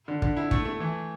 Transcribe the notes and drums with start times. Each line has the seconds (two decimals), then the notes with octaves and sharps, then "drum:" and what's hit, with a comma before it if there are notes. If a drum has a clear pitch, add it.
0.08 D3
0.22 D3, drum: kick
0.37 E4
0.51 A3, drum: kick
0.65 A3
0.80 E3